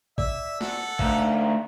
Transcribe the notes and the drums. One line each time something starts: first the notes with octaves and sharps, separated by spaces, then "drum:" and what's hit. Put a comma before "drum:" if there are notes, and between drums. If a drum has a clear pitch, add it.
D5 E5, drum: kick A1
A4 F#5, drum: snare
D2 D#4 F5, drum: kick A1